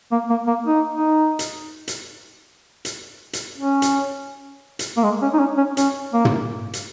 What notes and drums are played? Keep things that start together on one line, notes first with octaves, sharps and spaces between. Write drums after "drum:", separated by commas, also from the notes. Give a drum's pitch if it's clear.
A#3
A#3
A#3
D#4
D#4
drum: hi-hat
drum: hi-hat
drum: hi-hat
drum: hi-hat
C#4
drum: hi-hat
drum: hi-hat
A#3
G#3
C#4
D#4
C#4
C#4
C#4, drum: hi-hat
A#3
drum: tom
drum: hi-hat